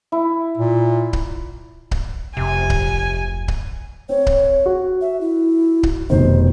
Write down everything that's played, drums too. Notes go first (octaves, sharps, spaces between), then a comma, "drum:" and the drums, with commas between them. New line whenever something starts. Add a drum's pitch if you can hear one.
E4
A#2
drum: kick C#1
drum: kick C#1
F1 D2 C3 G#5
drum: kick C#1
drum: kick C#1
C4 C#5
drum: kick C#1
F#4
E5
E4
drum: kick C#1
F1 B2 D#3 C5